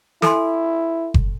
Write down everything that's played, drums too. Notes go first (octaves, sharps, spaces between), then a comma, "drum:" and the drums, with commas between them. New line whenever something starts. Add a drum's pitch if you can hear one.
E4 A4 G#5 C6, drum: snare
drum: kick F#1